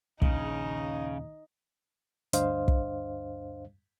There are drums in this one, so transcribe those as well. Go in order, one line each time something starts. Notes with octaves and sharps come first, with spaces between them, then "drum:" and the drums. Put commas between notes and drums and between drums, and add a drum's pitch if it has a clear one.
A#1 D#2 C#3 D#4, drum: kick
D2 G2 D4 C5 D#5 F5, drum: hi-hat
drum: kick